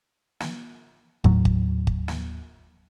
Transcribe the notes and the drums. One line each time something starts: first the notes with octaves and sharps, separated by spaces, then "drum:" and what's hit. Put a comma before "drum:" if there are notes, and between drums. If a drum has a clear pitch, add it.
drum: snare
D#2 A2 F#3, drum: kick
drum: kick
drum: kick
drum: snare